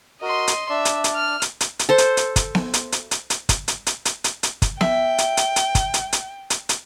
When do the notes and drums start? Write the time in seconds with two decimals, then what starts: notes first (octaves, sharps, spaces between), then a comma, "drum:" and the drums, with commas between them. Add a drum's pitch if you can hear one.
0.22 F#4 A#4 D#5 C6
0.48 drum: hi-hat
0.70 D4 D5 E5
0.85 drum: hi-hat
1.04 drum: hi-hat
1.15 F6
1.42 drum: hi-hat
1.61 drum: hi-hat
1.79 drum: hi-hat
1.89 A4 C5
1.98 drum: hi-hat
2.17 drum: hi-hat
2.36 drum: kick, hi-hat
2.55 drum: snare B3
2.74 drum: hi-hat
2.92 drum: hi-hat
3.11 drum: hi-hat
3.30 drum: hi-hat
3.49 drum: kick, hi-hat
3.68 drum: hi-hat
3.87 drum: hi-hat
4.05 drum: hi-hat
4.24 drum: hi-hat
4.43 drum: hi-hat
4.62 drum: kick, hi-hat
4.81 E5 G5, drum: snare B3
5.18 drum: hi-hat
5.37 drum: hi-hat
5.56 drum: hi-hat
5.75 drum: kick, hi-hat
5.94 drum: hi-hat
6.13 drum: hi-hat
6.50 drum: hi-hat
6.69 drum: hi-hat